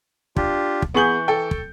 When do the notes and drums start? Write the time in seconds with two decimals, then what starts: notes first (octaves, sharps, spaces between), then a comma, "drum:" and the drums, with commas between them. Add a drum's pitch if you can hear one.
0.37 D4 F4 G4, drum: kick
0.82 drum: kick
0.94 E3 B3 G#4 C#6 G6 F#7
1.28 A4 G5
1.51 drum: kick